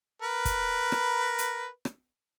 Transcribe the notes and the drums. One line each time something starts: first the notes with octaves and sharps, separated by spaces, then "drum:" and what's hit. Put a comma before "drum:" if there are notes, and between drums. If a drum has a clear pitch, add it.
A#4 B4
drum: kick, hi-hat
drum: rim click
drum: hi-hat
drum: rim click